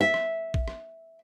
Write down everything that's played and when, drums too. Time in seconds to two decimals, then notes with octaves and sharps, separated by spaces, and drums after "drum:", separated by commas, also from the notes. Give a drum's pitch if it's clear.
0.01 E5
0.14 drum: rim click
0.54 drum: kick A#1
0.68 drum: rim click